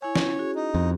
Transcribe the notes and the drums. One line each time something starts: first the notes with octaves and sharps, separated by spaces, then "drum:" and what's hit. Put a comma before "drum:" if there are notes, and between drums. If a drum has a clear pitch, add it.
E4 C#5 G#5
C#4 E4, drum: snare
F#4 G#4
D#4
F2